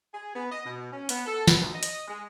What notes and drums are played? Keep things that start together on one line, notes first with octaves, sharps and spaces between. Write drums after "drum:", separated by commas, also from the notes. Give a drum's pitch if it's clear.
G#4
B3
D#5
B2
C#4
B3, drum: hi-hat
A4
B3, drum: snare
D2
D#5
drum: hi-hat
G#3